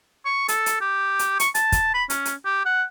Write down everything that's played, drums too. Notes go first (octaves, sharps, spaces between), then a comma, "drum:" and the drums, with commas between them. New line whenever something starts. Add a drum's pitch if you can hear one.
C#6
A4, drum: hi-hat
drum: hi-hat
G4
drum: hi-hat
C#6, drum: hi-hat
A5, drum: hi-hat
drum: kick, hi-hat
B5
C#4, drum: hi-hat
drum: hi-hat
G4
F#5